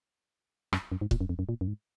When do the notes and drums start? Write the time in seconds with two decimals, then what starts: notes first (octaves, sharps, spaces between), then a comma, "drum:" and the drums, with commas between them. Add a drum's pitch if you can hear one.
0.73 F#2, drum: rim click
0.92 F#2
1.01 G#2
1.11 A#2, drum: kick C#1
1.21 F#2
1.29 F2
1.39 F#2
1.49 A#2
1.61 F#2
1.68 G#2